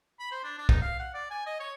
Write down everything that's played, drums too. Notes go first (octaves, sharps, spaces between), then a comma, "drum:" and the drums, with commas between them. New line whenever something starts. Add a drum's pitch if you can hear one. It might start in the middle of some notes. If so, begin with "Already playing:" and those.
B5
C5
D4
D4
D#4, drum: kick
F5
F#5
D5
G#5
D#5
C#5